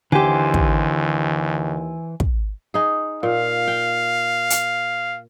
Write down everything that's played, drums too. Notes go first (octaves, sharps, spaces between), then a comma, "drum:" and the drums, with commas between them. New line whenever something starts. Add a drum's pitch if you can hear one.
D#2 D3 E3 G4 C5 G#5
drum: kick
drum: kick
D#4 G#4
A#2 F5
G5
drum: hi-hat